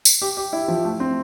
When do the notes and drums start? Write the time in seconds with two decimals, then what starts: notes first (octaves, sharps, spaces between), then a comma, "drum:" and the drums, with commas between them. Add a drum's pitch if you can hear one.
0.05 drum: tambourine
0.22 G4
0.37 G4
0.53 E4
0.68 F3
0.85 A3
1.00 C4